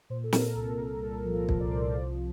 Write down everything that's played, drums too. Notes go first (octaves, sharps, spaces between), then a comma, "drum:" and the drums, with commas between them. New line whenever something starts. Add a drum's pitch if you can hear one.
A#2 C5
A4
A#2 A#4, drum: snare
C2 A4
C2 A4
A#2 A4
F3
A#4
F3, drum: kick
D5
C5
C2
F3 D5